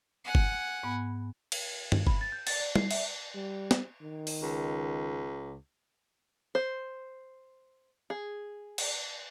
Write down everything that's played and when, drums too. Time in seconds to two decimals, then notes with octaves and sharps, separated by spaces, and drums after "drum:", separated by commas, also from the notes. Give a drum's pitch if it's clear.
0.24 F#5 G#5
0.35 drum: kick F#1
0.83 G#2 B3 B5
1.52 drum: cymbal
1.92 drum: tom G2
2.07 B5, drum: kick F#1
2.21 A6
2.32 G6
2.47 A6, drum: cymbal
2.60 D5
2.76 C7, drum: tom G3
2.91 E5, drum: cymbal
3.35 G3
3.71 drum: snare
4.02 D#3
4.27 drum: open hi-hat
4.42 C#2
6.55 C5
8.10 G#4
8.78 drum: cymbal